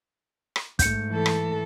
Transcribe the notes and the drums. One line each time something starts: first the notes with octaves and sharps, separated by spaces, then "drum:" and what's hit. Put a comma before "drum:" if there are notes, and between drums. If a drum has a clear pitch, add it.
drum: rim click
G#2 A3 G6 C#7, drum: kick, hi-hat
E3 A4
drum: rim click